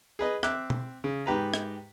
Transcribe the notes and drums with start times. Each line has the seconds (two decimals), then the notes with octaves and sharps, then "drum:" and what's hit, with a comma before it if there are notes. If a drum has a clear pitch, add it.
0.19 G#4 B4 D#5
0.43 C4 E5 D6 F#6, drum: rim click
0.70 drum: tom
1.04 C#3
1.26 G#2 G4 B4 A#5
1.54 drum: rim click